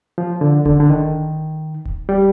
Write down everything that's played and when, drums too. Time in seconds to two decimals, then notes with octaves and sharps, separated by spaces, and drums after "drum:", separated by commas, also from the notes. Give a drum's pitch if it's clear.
0.18 F3
0.41 D3
0.65 D3, drum: kick D1
0.80 D3
0.90 D#3
1.85 drum: kick D1
2.09 G3